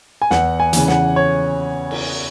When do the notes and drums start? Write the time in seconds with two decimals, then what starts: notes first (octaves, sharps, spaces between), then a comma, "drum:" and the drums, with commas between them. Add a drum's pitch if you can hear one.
0.22 G#5
0.31 E2 F#5, drum: snare
0.60 G#5
0.73 C#3 E3, drum: hi-hat
0.88 F#5, drum: snare
1.16 C#5
1.91 drum: cymbal